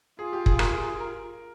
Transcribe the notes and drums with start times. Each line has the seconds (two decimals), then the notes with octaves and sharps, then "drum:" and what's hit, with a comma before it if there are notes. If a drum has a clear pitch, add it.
0.19 F4 G#4
0.33 G4
0.46 G#4, drum: kick
0.59 A#4, drum: rim click
0.71 G#4
1.00 A#4